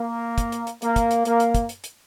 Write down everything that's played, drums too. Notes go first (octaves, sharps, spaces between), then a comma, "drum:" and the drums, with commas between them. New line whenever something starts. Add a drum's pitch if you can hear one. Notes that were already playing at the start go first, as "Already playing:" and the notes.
Already playing: A#3
drum: kick, hi-hat
drum: hi-hat
drum: hi-hat
A#3, drum: hi-hat
drum: kick, hi-hat
drum: hi-hat
A#3, drum: hi-hat
drum: hi-hat
drum: kick, hi-hat
drum: hi-hat
drum: hi-hat